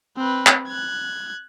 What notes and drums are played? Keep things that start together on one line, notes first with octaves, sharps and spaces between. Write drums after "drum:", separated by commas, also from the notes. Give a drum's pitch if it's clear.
C4 B4
drum: clap
F#6 G#6